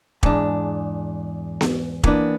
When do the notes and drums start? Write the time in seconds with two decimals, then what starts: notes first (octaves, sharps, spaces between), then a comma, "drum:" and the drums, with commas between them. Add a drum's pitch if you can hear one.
0.23 E2 G#2 D4, drum: kick
1.61 drum: snare B3
2.04 E3 A#3 B3 D4, drum: kick